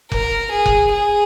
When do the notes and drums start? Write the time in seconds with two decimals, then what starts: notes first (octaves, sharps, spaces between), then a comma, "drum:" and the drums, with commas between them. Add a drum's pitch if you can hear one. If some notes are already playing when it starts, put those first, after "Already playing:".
0.12 A#4, drum: kick F1
0.52 G#4
0.66 drum: kick F1
0.92 G#4